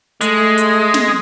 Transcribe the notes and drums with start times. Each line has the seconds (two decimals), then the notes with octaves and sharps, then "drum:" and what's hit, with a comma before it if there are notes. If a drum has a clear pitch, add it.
0.21 G#3 A3, drum: hi-hat
0.58 drum: hi-hat
0.94 drum: snare